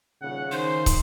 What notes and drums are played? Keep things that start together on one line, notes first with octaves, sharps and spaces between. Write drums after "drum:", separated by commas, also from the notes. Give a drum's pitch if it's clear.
D#1 C#3 F#5
D#3 C5 C6
drum: kick, hi-hat